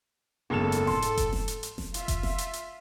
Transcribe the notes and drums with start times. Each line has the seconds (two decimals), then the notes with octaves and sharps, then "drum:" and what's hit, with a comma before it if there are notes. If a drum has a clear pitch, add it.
0.50 F#1 B1 G#2 A4 E7
0.72 drum: hi-hat
0.87 C6, drum: snare F1
1.02 drum: hi-hat
1.17 drum: kick F#1, hi-hat
1.33 drum: snare F1
1.48 drum: hi-hat
1.63 drum: hi-hat
1.78 drum: snare F1
1.94 F4 E5, drum: hi-hat
2.08 drum: kick F#1, hi-hat
2.23 drum: snare F1
2.38 drum: hi-hat
2.53 drum: hi-hat